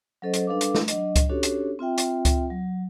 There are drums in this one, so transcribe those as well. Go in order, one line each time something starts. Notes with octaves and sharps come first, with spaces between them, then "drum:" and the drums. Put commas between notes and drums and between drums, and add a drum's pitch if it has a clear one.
F#3 C#4 A4 C5 D#5
drum: hi-hat
G3 D4 A4 B4 F5 D6
drum: hi-hat
drum: snare
F#3 D4 D#5, drum: hi-hat
drum: kick C#2, hi-hat
C#4 D4 F#4 G4 A4 C#5
drum: hi-hat
C4 F4 E5 G5
drum: hi-hat
drum: kick C#2, hi-hat
F#3